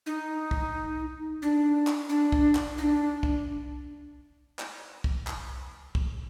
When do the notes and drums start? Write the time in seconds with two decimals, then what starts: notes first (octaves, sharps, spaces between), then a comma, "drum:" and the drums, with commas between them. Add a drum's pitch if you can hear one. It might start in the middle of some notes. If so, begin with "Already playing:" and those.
0.06 D#4
0.51 drum: kick
1.42 D4
1.87 drum: clap
2.09 D4
2.32 drum: kick
2.55 drum: clap
2.78 D#4
2.83 D4
3.23 drum: kick
4.59 drum: clap
5.04 drum: kick
5.27 drum: clap
5.95 drum: kick